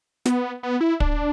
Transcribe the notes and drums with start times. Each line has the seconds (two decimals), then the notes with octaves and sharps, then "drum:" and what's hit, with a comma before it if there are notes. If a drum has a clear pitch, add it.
0.25 B3, drum: snare
0.63 B3
0.81 E4
1.00 D4, drum: kick